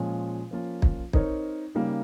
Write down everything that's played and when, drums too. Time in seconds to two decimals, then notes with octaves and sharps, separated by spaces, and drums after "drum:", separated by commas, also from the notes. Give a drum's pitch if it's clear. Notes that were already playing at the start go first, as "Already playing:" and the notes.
Already playing: A#2 F3 G#3 C#4 G#4
0.51 F3 A#3 C#4 F4
0.82 drum: kick
1.13 C4 D#4 A#4 C#5, drum: kick
1.75 C#3 G3 A#3 D#4